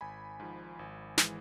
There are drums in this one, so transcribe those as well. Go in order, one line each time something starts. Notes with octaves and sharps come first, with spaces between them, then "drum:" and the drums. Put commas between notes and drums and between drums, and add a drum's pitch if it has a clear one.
G#1 G#5 B5
G#2 F3
G#1
E3 G#3, drum: snare